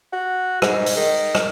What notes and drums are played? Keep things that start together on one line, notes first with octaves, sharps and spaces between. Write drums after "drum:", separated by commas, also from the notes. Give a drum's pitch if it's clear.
F#4
G#2, drum: rim click
drum: open hi-hat
D#3
drum: rim click